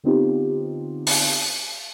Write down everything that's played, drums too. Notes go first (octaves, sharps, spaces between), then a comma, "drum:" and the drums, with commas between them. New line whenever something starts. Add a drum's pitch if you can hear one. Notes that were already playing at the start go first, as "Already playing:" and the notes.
D3 B3 C4 D#4 F4 G4
drum: open hi-hat